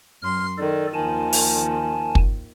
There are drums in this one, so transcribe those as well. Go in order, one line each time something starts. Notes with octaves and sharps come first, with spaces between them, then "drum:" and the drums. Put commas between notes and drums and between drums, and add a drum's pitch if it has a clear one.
F#2 C6 F6
D#3 A4 D5
D#2 D#3 F3 G#5 A5
drum: open hi-hat
drum: kick